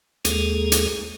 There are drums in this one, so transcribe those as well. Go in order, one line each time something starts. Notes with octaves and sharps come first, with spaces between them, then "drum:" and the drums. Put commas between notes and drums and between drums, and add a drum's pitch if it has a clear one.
D#2 G#3 A#3 G#4 A4, drum: hi-hat
drum: hi-hat